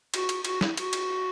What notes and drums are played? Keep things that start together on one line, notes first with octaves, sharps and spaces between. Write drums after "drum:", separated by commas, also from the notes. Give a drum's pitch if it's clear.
F#4, drum: cymbal
drum: cymbal
F#4, drum: cymbal
E4, drum: snare
F#4, drum: cymbal
drum: cymbal